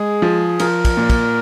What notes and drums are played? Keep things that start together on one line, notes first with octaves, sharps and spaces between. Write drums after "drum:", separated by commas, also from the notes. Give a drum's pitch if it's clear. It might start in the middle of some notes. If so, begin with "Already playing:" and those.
Already playing: G#3 G#4
F3
F3 A#4, drum: cymbal
drum: kick, cymbal
A#2
drum: kick, cymbal